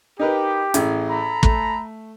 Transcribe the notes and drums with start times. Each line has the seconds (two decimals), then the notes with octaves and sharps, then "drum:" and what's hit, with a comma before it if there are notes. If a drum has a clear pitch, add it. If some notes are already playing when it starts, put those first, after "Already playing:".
0.19 D#4 G4 A#4 B4
0.74 A1 A2 G#4, drum: hi-hat
1.09 A4 A#5 B5
1.43 A3, drum: kick